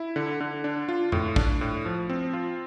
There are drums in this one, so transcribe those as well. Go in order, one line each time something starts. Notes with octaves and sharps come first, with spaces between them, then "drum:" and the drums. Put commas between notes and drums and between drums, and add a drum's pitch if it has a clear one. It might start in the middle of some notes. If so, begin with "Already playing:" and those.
Already playing: E4
D3
D3
D4
F4
A2, drum: tom F2
D4, drum: kick
A2
F3
C4
F4